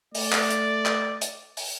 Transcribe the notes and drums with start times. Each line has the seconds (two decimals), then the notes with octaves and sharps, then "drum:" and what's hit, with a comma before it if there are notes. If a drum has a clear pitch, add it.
0.15 A3 D5, drum: open hi-hat
0.32 drum: clap
0.50 drum: hi-hat
0.86 drum: clap
1.21 drum: hi-hat
1.57 drum: open hi-hat